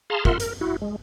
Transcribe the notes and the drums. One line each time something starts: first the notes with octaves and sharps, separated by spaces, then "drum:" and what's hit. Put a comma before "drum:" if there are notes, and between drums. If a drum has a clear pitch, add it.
G#4 F5 A5 A#5 C6
F4 A#4 E5 F#5 C6, drum: kick
A#4, drum: hi-hat
E4 F#4
G#3